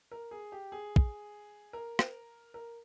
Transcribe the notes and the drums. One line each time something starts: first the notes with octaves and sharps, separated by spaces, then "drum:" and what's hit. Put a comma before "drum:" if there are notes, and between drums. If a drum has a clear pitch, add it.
A#4
G#4
G4
G#4
drum: kick
A#4
drum: rim click
A#4